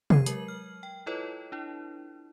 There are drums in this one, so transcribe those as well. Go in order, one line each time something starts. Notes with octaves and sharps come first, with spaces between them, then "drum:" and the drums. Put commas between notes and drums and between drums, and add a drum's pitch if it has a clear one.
G#6 C7 D#7, drum: tom C3
F#3 G#3 A#4 F#7, drum: hi-hat
F6
G5
E4 F4 A4 B4 C#5 D#5
D4 E4